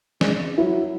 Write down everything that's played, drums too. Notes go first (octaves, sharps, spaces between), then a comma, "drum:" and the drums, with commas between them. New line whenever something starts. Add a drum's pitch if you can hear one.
G#3, drum: snare
F#3 E4